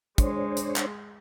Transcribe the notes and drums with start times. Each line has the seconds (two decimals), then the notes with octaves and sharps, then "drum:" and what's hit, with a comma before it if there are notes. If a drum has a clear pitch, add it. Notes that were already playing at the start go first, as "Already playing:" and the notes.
0.18 G#3 D4 C5 C#5, drum: kick, hi-hat
0.57 drum: hi-hat
0.76 drum: clap